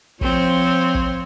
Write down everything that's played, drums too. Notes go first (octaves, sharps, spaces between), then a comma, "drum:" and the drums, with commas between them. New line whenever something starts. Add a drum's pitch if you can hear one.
F3 C4 C#5, drum: kick
drum: kick